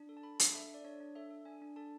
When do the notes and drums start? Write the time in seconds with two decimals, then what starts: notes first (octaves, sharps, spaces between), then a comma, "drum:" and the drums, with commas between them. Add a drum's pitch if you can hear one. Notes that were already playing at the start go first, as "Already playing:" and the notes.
Already playing: D4
0.09 A4
0.17 A5
0.23 A4 B5
0.39 D4, drum: hi-hat
0.54 A4 E5
0.69 A4 D5
0.84 D4 C#5
1.00 D4
1.15 A4 E5
1.31 A4
1.45 D4 G#5
1.62 D4
1.76 A4 A5